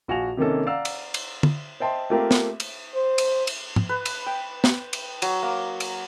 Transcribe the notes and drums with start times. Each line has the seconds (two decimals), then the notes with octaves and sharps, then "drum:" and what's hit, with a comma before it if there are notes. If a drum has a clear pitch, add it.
0.08 A#1 F#4 F5 G#5 F7
0.37 C3 D#3 A#3 C#4 A4
0.66 D5 F5 F#5 A#5 E6
0.85 drum: cymbal
1.14 drum: cymbal
1.43 drum: tom
1.80 C5 D#5 E5 G5 A5 C6
2.10 A3 A#3 C4 F4 G4 A#4
2.31 drum: snare
2.60 drum: cymbal
2.95 C5
3.18 drum: cymbal
3.47 drum: cymbal
3.76 drum: tom G#2
3.89 B4
4.05 drum: cymbal
4.26 G5
4.64 drum: snare
4.93 drum: cymbal
5.22 F#3, drum: cymbal
5.43 A#3
5.80 drum: cymbal